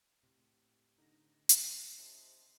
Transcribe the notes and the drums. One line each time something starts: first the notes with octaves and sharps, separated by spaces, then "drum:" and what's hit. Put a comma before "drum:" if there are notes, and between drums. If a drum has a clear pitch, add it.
A2 C3
D3 D#4 A#6
drum: hi-hat
C3 D#5 A5 C6